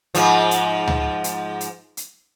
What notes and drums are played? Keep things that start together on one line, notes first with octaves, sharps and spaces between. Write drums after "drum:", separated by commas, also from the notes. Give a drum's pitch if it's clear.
G#2 F3, drum: hi-hat
drum: hi-hat
drum: tom C#2
drum: hi-hat
drum: hi-hat
drum: hi-hat